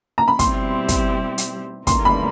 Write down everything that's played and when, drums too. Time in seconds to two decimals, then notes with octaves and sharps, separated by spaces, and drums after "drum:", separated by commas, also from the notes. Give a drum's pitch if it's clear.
0.18 A#5
0.28 B5
0.39 B2 G3 C4 E4 G4 C6, drum: kick, hi-hat
0.88 drum: kick, hi-hat
1.38 drum: hi-hat
1.87 D2 D3 G3 A#3 D#4 C6, drum: kick, hi-hat
2.05 B5